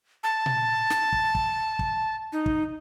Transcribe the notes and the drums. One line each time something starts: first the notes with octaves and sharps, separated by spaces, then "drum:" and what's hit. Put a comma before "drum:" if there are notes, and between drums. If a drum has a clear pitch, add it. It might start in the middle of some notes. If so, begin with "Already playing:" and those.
A5
drum: tom A#2
drum: snare
drum: kick
drum: kick
drum: kick
D#4
drum: kick